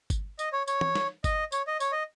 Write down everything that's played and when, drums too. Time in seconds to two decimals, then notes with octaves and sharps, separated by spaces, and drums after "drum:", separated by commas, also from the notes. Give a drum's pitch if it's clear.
0.10 drum: kick G1, tambourine
0.39 D#5, drum: tambourine
0.53 C#5
0.67 C#5, drum: tambourine
0.81 drum: tom
0.95 drum: snare
1.24 D#5, drum: kick G1, tambourine
1.52 C#5, drum: tambourine
1.67 D#5
1.80 C#5, drum: tambourine
1.92 D#5